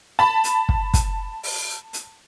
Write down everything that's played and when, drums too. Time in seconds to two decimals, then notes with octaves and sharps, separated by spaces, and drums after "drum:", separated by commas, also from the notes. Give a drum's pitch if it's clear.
0.19 A5 B5
0.44 drum: hi-hat
0.69 drum: kick
0.94 drum: kick, hi-hat
1.43 drum: open hi-hat
1.93 drum: hi-hat